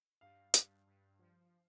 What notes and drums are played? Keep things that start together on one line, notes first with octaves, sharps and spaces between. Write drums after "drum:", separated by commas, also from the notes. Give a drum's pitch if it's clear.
G2 F5
G2, drum: hi-hat
G2
F3